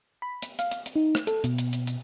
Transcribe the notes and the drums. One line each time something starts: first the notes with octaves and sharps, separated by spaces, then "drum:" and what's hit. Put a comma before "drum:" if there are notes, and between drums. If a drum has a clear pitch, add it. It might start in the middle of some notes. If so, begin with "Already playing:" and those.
B5
drum: hi-hat
F5, drum: hi-hat
drum: hi-hat
drum: hi-hat
D#4
drum: rim click
A4, drum: hi-hat
B2, drum: hi-hat
drum: hi-hat
drum: hi-hat
drum: hi-hat